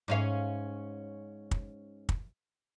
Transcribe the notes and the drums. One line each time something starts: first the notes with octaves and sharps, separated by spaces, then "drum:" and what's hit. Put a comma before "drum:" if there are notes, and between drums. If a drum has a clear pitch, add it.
G#2 C#4 F5
drum: kick
drum: kick